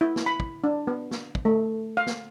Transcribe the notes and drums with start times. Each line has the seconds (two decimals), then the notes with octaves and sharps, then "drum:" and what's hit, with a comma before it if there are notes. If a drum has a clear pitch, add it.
0.01 E4
0.16 drum: snare
0.26 B5
0.40 drum: kick
0.64 D4
0.87 B3
1.11 drum: snare
1.35 drum: kick
1.45 A3
1.97 F5
2.06 drum: snare